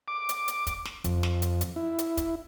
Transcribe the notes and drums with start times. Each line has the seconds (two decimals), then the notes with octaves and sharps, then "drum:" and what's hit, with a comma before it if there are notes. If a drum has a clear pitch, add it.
0.08 D6
0.29 drum: hi-hat
0.48 drum: hi-hat
0.67 drum: kick, hi-hat
0.85 drum: snare
1.04 F2, drum: kick, hi-hat
1.23 drum: snare
1.42 drum: hi-hat
1.61 drum: hi-hat
1.76 E4
1.98 drum: hi-hat
2.17 drum: kick, hi-hat